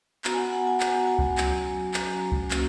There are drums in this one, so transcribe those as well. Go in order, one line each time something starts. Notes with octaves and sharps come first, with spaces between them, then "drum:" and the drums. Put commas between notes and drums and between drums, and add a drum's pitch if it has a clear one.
B3 F#4 A#5, drum: clap
G#5
F#5
F#5
G#5
B3 F#4 A#5, drum: clap
G#5
F#5
G#5
drum: kick C#2
F#3 C#4 F#4, drum: clap
F#3 C#4 F#4 A#5, drum: clap
drum: kick C#2
A#3 C#4 F#4, drum: clap